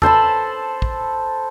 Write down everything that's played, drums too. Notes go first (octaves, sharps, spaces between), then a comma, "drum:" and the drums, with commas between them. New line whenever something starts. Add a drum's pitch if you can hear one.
A4 C5 A5 B5, drum: tom
drum: kick